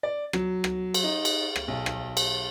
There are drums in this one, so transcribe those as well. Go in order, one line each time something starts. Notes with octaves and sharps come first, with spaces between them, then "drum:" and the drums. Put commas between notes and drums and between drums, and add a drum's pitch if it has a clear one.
D5
F#3, drum: rim click
drum: rim click
drum: cymbal
D#4
drum: cymbal
drum: rim click
B1
drum: rim click
drum: cymbal